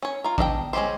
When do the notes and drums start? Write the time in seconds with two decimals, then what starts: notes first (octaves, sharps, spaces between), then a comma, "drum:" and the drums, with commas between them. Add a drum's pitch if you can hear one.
0.02 C#4 C#5
0.24 F4 A#4
0.38 D4 D#5 E5 G5, drum: kick A1
0.73 G#3 C#4 E4 G4 C5